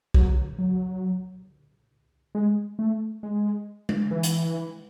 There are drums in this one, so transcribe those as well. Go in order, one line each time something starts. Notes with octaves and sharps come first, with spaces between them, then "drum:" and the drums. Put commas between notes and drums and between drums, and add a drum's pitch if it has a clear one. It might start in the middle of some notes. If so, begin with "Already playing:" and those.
F#3, drum: kick
F#3
G#3
A3
G#3
drum: tom G#3
E3
drum: hi-hat